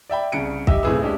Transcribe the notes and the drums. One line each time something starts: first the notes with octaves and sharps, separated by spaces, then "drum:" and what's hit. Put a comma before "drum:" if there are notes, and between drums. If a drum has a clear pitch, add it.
D5 E5 G5 B5
C2 C#3 C#7 D7
G4 D#5 E5 E6, drum: kick
B1 A2 C3 G#4 B4 E6
G#3 C#4 D4 G4